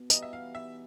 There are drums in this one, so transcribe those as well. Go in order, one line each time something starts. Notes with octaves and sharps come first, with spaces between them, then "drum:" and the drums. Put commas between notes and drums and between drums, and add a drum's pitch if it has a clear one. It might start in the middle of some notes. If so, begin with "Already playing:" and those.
Already playing: B2
E3 G3 B3 D#4 D#5, drum: tambourine
E5
F5
E5